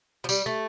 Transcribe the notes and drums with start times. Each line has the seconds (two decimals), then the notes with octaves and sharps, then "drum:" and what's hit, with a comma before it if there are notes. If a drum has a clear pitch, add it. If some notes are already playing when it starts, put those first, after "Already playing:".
0.24 F3
0.29 G3, drum: tambourine
0.46 A3